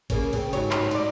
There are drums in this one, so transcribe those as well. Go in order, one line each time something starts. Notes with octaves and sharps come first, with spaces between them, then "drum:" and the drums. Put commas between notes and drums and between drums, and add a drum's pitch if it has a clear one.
C#3 A#3 C#4, drum: kick G#1, cymbal
C#3 C4, drum: cymbal
G#2 F#3 C#5, drum: cymbal
drum: clap
D#4 D5, drum: cymbal